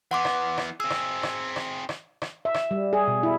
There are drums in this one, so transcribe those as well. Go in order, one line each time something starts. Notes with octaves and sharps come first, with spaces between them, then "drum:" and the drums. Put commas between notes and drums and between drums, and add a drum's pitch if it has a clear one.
E3 B3 F#5 C6 D6
drum: rim click
drum: rim click
C4 G#4 E6
drum: rim click
drum: rim click
drum: rim click
drum: rim click
drum: rim click
E5
drum: rim click
G3
G#4
B2
E4